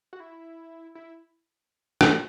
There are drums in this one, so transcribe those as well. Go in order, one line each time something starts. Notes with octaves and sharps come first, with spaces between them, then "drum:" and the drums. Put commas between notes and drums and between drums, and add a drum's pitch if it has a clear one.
F#4
E4
E4
drum: rim click